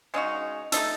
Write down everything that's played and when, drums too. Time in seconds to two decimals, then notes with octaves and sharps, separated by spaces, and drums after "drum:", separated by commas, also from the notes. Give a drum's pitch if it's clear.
0.14 C#3 G#3 D#4 F#4
0.72 A3 D#4 A4, drum: hi-hat